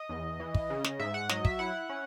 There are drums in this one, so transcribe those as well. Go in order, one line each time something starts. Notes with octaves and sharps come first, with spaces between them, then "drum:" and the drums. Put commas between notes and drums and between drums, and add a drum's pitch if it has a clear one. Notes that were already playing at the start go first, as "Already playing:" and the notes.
Already playing: D#5
E2
E3
drum: kick
C#3
drum: snare
G#2 E5
F#5
F#3 D#5, drum: snare
E5, drum: kick
E4 F#5
C#4